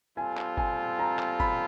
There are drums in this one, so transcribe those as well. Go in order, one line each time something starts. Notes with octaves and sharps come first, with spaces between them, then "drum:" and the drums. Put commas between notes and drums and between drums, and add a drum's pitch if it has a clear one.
G3 C4 F4 A4 G#5
drum: clap
G#5, drum: kick G1
A#5
drum: clap
B5, drum: kick G1